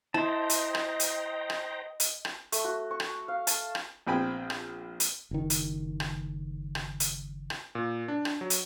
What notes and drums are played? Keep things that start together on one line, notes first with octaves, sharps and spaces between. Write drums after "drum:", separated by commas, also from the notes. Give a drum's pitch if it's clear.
E4 C5 D#5 G5 A5 A#5 C6
drum: hi-hat
drum: rim click
drum: hi-hat
drum: rim click
drum: hi-hat
drum: rim click
A3, drum: hi-hat
F#4
C#6
drum: rim click
F5
A5, drum: hi-hat
drum: rim click
A#1 B3 C4 G5 G#5 B5
drum: rim click
drum: hi-hat
F#1 D#3
drum: hi-hat
drum: rim click
drum: rim click
drum: hi-hat
drum: rim click
A#2
D4
drum: rim click
F#3
drum: hi-hat